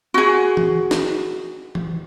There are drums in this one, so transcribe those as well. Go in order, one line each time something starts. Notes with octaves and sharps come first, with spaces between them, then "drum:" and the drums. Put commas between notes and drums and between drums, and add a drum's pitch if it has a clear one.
F#4 G#4
drum: tom E3
drum: snare
drum: tom E3